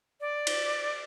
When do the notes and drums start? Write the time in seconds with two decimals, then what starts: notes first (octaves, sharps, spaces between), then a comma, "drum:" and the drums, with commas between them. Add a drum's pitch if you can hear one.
0.20 D5
0.47 drum: cymbal